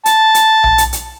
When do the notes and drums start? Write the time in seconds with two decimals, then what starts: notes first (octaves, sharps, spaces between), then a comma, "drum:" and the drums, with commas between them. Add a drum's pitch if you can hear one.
0.06 A5, drum: hi-hat
0.35 drum: hi-hat
0.64 drum: tom B1
0.78 drum: hi-hat
0.93 drum: hi-hat